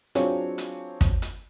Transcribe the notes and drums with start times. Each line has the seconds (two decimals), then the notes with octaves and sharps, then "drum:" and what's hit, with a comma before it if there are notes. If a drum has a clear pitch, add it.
0.15 F#3 C4 D4 F4 G#4 C#5, drum: hi-hat
0.58 drum: hi-hat
1.01 drum: kick, hi-hat
1.22 drum: hi-hat